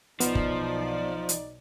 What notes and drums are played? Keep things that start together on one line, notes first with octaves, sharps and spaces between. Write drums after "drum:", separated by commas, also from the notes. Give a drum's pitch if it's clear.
B1 F3 B3 D#4 D5, drum: hi-hat
drum: kick
drum: hi-hat